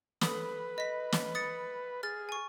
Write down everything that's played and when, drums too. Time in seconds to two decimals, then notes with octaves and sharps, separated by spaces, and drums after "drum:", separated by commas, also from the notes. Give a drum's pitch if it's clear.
0.21 A4 B4 D#6, drum: snare
0.78 D#5 B6
1.12 drum: snare
1.35 D#6 A6 C#7
2.03 G#4 F6 A6
2.29 G#5 C#6